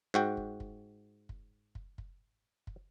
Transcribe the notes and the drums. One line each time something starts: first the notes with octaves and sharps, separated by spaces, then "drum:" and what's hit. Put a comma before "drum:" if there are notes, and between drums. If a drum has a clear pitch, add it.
G#2 F#4 G5
drum: kick
drum: kick
drum: kick
drum: kick
drum: kick
drum: kick